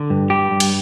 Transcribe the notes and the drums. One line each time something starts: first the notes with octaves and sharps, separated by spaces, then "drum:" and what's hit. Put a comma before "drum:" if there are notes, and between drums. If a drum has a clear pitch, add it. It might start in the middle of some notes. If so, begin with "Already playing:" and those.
Already playing: D3
G2
G3 G4
G2
drum: cymbal